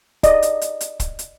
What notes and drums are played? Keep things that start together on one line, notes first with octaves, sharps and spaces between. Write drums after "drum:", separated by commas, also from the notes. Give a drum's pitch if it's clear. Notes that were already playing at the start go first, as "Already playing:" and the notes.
D5 D#5, drum: kick, hi-hat
drum: hi-hat
drum: hi-hat
drum: hi-hat
drum: kick, hi-hat
drum: hi-hat